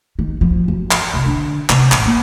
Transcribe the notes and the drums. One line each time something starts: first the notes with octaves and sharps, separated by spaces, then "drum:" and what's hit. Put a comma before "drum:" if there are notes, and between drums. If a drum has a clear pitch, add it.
D#3
F3
F#2
drum: clap
C2
D3
C3, drum: clap
A1, drum: clap
A#3